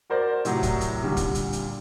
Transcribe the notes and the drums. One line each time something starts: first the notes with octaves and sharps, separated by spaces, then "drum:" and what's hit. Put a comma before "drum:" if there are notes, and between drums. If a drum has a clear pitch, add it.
F#4 A#4 C5 D5
A2 C3 F#3, drum: hi-hat
drum: kick, hi-hat
drum: hi-hat
A#2 D3 G3
drum: kick, hi-hat
drum: hi-hat
drum: hi-hat